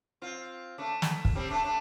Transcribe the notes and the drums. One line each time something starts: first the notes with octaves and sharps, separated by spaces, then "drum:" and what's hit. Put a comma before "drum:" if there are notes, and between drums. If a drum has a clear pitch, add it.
C4 F4
A3 D4
drum: snare
drum: kick
G3 C4
A3 D4
A3 D4